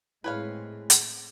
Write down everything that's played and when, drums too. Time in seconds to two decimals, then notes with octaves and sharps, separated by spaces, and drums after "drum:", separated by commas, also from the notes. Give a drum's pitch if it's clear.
0.24 A2 G#3 C4 E4 B4 C#5 F5
0.90 drum: hi-hat